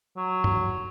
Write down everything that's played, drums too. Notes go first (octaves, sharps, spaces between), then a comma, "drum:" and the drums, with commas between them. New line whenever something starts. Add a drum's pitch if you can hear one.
F#3
drum: tom G2